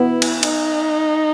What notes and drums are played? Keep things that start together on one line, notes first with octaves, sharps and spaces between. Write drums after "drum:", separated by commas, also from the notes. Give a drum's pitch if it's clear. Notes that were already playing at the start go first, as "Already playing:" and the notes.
Already playing: B3 E4
drum: cymbal
D#4, drum: cymbal